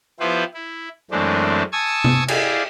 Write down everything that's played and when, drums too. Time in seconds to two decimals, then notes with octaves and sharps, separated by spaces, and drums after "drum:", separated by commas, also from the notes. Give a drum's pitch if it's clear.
0.20 F3 B3 E4 G4 B4 C5
0.54 E4
1.11 F#2 E3 G#3 A3 C4 D4
1.72 G#5 A5 C#6 D#6 E6 G#6
2.04 drum: tom C3
2.28 E4 G4 G#4 D5 F5, drum: cymbal